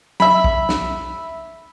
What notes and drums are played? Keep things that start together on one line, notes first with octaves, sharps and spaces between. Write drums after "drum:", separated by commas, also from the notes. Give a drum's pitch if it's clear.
E5 B5, drum: tom F#3
drum: kick
drum: snare